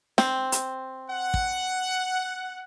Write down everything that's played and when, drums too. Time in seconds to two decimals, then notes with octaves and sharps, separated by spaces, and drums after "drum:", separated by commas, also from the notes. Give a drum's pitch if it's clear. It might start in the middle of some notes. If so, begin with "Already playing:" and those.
0.18 C4, drum: snare
0.52 drum: hi-hat
1.10 F#5
1.34 drum: kick